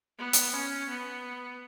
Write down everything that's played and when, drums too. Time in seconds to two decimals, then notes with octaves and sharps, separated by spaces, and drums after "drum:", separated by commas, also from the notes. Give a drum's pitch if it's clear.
0.18 B3
0.33 drum: hi-hat
0.53 C#4
0.89 B3